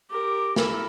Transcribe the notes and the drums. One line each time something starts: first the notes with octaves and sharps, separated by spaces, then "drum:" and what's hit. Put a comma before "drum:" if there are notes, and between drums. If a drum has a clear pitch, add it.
G4 A#4 D6
E4 A4 A#4, drum: snare